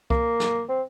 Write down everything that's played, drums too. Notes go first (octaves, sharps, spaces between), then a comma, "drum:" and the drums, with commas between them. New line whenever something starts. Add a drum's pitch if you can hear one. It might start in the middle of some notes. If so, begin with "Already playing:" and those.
A#3, drum: kick C2
drum: snare
C4